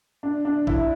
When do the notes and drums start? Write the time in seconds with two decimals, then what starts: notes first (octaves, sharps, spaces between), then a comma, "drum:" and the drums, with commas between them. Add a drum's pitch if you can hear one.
0.23 D4
0.45 D4
0.67 E4, drum: kick A#1